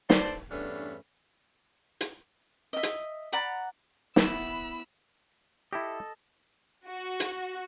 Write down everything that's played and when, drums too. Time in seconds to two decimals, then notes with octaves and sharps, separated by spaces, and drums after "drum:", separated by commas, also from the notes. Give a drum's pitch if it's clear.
0.10 D4 A4 B4 C5 D5, drum: snare
0.50 E2 G2 A3 C#4 D4 B4
2.01 drum: hi-hat
2.73 D#5 E5
2.83 drum: hi-hat
3.32 D5 F#5 A#5 B5
4.16 B3 E4 B5 E6, drum: snare
5.73 E4 G4 A4 D#5
6.87 F#4
7.20 drum: hi-hat